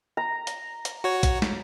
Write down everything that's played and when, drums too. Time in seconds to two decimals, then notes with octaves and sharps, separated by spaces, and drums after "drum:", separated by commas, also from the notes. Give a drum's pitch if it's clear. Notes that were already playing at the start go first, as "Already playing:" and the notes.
0.17 A#5
0.47 drum: hi-hat
0.85 drum: hi-hat
1.04 F#4 C#5
1.23 drum: kick, hi-hat
1.42 drum: snare